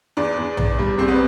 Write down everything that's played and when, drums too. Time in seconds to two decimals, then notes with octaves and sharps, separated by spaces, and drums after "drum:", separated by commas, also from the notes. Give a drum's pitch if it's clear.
0.17 E2 D4
0.37 E2
0.57 E2, drum: tom A#1
0.79 G3
0.98 E2 C4
1.08 B3